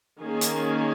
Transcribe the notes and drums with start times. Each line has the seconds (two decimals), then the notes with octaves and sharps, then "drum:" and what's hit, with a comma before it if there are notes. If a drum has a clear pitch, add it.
0.20 D#3 A#3 C#4 G#4
0.41 drum: hi-hat